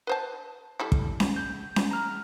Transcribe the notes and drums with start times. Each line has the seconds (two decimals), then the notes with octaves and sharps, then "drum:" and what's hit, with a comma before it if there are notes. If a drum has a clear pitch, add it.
0.07 B4 C5 A5
0.80 G3 E4 A4
0.92 drum: kick
1.20 drum: snare C#4
1.36 G6
1.76 drum: snare C#4
1.91 A#5 F6